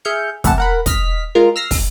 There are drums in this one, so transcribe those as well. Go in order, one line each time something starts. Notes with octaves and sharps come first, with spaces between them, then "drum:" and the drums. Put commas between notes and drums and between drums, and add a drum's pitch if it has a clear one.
G#4 E5 F6 G6 C#7
C3 E3 A3 F#5 A5, drum: kick, hi-hat
A#4 F#5 B5
D#5 F6 B6, drum: kick, hi-hat
G#3 F4 A#4
E6 F6 A#6 C7
drum: kick, open hi-hat